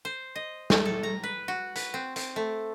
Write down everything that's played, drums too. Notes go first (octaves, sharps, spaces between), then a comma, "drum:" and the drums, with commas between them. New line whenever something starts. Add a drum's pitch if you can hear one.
C5
D#5
A3, drum: snare
A4
A#5
B4
F#4
B4, drum: hi-hat
C4
C4, drum: hi-hat
A3